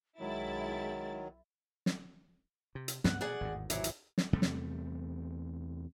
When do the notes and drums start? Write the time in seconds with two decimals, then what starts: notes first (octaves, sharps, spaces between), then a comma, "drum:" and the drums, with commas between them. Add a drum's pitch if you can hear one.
0.20 B1 D#3 F#3 G#3 E4 A6
1.86 drum: snare
2.75 C3
2.88 drum: hi-hat
3.04 C#2 G2 B3 F#5, drum: snare
3.21 B2 G#4 D5 F#5
3.41 G#1 E2 A2
3.70 C3 E3 F#3, drum: hi-hat
3.84 drum: hi-hat
4.18 drum: snare
4.33 E2 C3 G3 A3
4.42 drum: snare